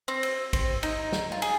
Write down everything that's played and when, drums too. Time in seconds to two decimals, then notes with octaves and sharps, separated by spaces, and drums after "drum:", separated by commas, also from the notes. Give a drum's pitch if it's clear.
0.08 C4
0.23 drum: cymbal
0.53 C4, drum: kick A1, cymbal
0.83 D#4, drum: cymbal
1.12 drum: snare
1.32 F4
1.42 G#4, drum: cymbal